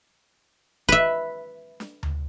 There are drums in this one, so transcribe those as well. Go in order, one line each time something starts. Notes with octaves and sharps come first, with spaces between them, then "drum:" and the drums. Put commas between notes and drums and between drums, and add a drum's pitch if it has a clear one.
B4 E5, drum: kick
drum: snare D4
drum: tom D2